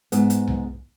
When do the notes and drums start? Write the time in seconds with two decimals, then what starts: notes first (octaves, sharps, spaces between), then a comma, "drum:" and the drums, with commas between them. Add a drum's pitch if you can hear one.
0.12 G#2 B3, drum: hi-hat
0.30 drum: hi-hat
0.48 drum: tom C2